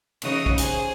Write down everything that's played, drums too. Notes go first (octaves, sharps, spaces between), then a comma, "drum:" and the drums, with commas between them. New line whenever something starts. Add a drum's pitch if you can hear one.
C#3 E3 D#4 F#4 C#5 D#6, drum: cymbal
drum: kick
G#4 C5 G#5, drum: hi-hat